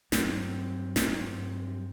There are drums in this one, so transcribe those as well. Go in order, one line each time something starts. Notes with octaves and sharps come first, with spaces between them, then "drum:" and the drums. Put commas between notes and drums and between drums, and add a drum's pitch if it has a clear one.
G2 F#3 C4, drum: snare
G2 F#3 C4, drum: snare